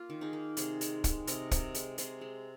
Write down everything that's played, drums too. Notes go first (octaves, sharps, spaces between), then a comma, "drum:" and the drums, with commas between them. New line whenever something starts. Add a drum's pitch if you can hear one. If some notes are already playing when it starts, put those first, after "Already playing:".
Already playing: A#3 F4
D#3
D#4 G#4
A#3
C3 G#4 C5, drum: hi-hat
G#3, drum: hi-hat
G#3, drum: kick, hi-hat
C3 A#4 D#5, drum: hi-hat
C3, drum: kick, hi-hat
G#3, drum: hi-hat
C3 G#4 C5, drum: hi-hat
G#3